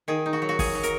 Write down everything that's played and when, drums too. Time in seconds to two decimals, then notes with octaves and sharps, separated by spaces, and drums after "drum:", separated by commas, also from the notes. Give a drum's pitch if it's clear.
0.08 D#3 G#4
0.26 D#4
0.33 F#4
0.42 F#3
0.49 F#4
0.59 F#3 G#4, drum: kick, open hi-hat
0.75 F#3
0.83 A#4, drum: hi-hat